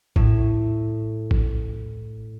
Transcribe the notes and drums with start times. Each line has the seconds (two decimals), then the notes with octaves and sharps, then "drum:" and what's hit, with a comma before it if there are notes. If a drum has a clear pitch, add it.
0.16 A2 E4, drum: kick A1
1.31 drum: kick A1